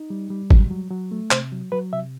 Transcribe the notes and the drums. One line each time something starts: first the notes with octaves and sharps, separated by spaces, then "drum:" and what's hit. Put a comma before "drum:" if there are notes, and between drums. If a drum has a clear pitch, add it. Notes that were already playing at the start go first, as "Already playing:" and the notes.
Already playing: D#4
G3
G3
F#3, drum: kick G#1
F#3
F#3
A3
C3 C5, drum: clap
F#3
F#3 B4
C3 E5